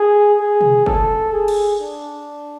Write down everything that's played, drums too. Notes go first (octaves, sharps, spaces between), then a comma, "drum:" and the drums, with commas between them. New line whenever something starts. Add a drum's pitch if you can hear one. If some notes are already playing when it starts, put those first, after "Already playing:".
Already playing: G#4
G#4
drum: tom B2
A4, drum: kick
G#4
drum: cymbal
D4